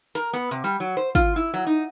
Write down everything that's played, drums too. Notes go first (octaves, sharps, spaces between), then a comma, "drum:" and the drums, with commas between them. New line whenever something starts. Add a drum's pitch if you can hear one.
A#4, drum: hi-hat
B3
C3
G3
F#3
C5
F4, drum: kick, hi-hat
E4
F#3
D#4